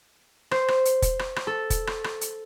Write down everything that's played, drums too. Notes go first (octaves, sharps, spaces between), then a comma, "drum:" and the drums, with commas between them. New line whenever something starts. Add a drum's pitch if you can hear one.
C5, drum: rim click
drum: rim click
drum: hi-hat
drum: kick, hi-hat
drum: rim click
drum: rim click
A4
drum: kick, hi-hat
drum: rim click
drum: rim click
drum: hi-hat